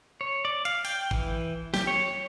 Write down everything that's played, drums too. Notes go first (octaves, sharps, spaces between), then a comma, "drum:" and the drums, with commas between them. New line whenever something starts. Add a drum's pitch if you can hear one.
C#5
D5
F5, drum: hi-hat
G5, drum: open hi-hat
E3, drum: kick G1
G4, drum: snare
C#5
C#5